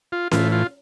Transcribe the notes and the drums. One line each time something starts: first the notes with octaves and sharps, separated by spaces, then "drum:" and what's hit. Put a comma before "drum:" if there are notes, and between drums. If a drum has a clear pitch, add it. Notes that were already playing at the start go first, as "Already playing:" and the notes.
F4
A2 E3 F4, drum: snare C#4
F4